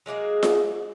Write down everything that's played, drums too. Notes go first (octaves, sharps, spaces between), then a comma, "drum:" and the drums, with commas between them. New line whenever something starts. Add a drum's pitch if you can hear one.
F#3 G#3 A#3 G#4
drum: snare F4